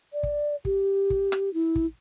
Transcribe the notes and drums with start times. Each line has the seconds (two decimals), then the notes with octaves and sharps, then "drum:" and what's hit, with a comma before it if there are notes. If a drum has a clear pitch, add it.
0.13 D5
0.23 drum: kick
0.65 G4, drum: kick
1.10 drum: kick
1.32 drum: rim click
1.54 E4
1.76 drum: kick